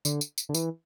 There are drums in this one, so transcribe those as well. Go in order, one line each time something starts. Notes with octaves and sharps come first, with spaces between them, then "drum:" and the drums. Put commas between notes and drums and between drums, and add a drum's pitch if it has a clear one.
D3, drum: tambourine
drum: tambourine
drum: tambourine
D3
E3, drum: tambourine